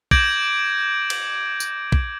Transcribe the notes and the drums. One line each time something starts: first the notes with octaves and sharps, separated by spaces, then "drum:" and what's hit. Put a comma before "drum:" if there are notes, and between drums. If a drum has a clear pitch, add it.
D6 G6 G#6 A#6 D7 F#7, drum: kick
drum: cymbal
drum: tambourine
drum: kick